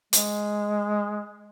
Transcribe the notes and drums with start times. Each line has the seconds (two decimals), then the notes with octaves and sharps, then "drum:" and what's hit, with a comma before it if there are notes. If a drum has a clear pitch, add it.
0.13 G#3, drum: hi-hat